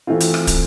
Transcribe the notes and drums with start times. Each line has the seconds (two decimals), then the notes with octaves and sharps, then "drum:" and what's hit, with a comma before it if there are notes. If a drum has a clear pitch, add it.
0.07 E3 A3 C4 F4
0.20 drum: hi-hat
0.34 drum: rim click
0.47 drum: kick, hi-hat